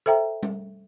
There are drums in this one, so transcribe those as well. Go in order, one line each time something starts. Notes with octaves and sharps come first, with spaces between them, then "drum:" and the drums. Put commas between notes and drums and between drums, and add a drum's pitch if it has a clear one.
A4 C5 E5 G5 A#5
drum: tom G3